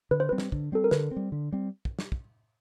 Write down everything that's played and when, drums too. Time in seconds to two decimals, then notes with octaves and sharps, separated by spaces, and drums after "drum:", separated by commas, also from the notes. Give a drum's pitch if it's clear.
0.11 D3 B4
0.20 C5
0.29 G3 C4 B4
0.38 drum: snare
0.52 D3, drum: kick
0.72 G3 C4 A4
0.84 A#4
0.91 D3 B4, drum: snare
1.11 C4
1.16 G3
1.32 D3
1.52 G3 C4
1.85 drum: kick
1.99 drum: snare
2.12 drum: kick